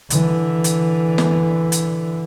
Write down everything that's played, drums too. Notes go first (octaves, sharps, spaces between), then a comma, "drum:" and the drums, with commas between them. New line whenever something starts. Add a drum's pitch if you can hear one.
D3 E3, drum: hi-hat
drum: hi-hat
drum: snare
drum: hi-hat